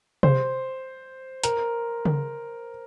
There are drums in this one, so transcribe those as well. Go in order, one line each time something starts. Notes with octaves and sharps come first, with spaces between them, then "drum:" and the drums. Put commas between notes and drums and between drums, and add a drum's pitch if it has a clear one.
C5, drum: tom C3
A#4, drum: hi-hat
drum: tom C#3